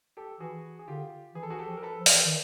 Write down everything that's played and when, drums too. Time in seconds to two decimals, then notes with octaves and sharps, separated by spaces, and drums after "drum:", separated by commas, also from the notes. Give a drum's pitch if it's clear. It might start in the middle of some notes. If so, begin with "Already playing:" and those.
0.17 G4 A4
0.40 E3 F#4 G#4
0.79 G#4
0.88 D3 F4 G4
1.35 E3 G#4
1.43 A4
1.50 F#4 G#4
1.59 G4 A4
1.67 F3
1.77 A#4
1.82 A4 B4
1.99 F3
2.06 G4 A4, drum: open hi-hat
2.12 E3
2.25 D#3